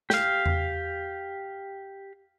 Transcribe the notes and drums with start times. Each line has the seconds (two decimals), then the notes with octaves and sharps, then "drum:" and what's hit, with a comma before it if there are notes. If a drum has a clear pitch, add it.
0.10 G4 F5, drum: snare
0.46 drum: tom E2